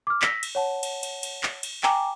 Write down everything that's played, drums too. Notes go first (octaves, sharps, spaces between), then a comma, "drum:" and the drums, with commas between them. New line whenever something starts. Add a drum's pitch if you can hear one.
D6 F6
E6 A#6 B6, drum: clap
drum: cymbal
C#5 F#5 A5
drum: cymbal
drum: cymbal
drum: cymbal
drum: clap
drum: cymbal
G5 G#5 A#5 D6, drum: clap